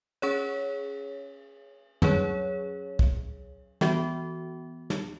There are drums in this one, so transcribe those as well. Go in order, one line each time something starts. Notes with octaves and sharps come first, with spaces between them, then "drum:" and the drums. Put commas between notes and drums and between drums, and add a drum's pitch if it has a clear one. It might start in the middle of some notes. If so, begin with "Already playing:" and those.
C#4 G#4 C#5, drum: cymbal
F#3 C#4 G#4 C#5, drum: tom
drum: kick
E3 B3 F#4, drum: snare
drum: snare